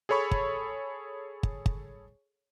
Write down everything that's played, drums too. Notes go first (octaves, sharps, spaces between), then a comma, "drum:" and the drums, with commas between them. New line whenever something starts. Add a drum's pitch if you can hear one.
G#4 A4 C#5 B5 C#6
drum: kick
drum: kick
drum: kick